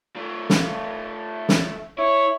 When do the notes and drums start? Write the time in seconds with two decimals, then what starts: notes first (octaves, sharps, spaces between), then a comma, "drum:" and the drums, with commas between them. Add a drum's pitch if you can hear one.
0.16 A3 F4
0.50 drum: snare
1.49 drum: snare
1.98 E4 C#5